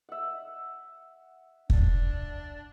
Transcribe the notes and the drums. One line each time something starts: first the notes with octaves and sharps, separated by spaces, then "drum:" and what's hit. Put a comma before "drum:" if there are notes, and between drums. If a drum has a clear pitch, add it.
E5 F#5
D4, drum: kick